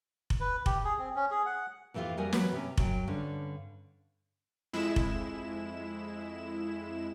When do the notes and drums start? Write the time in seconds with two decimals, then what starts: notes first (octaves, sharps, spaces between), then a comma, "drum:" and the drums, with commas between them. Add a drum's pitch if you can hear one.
0.30 drum: kick F1
0.40 B4
0.66 G4, drum: kick F1
0.84 G#4
0.98 C4
1.15 C#4
1.31 G#4
1.46 F#5
1.94 F2 E3 A3 C4 F4 G4
2.17 F2 G3 F#4 A#4 D#5 G#5
2.33 E3 F#3 B3 F#4 B4 C#5, drum: snare
2.52 C3 C#4
2.77 F#2 F#3 G4 G5, drum: kick F1
3.07 G2 D3 C#4 D4
4.73 F2 G#3 E4 E7
4.96 drum: kick F1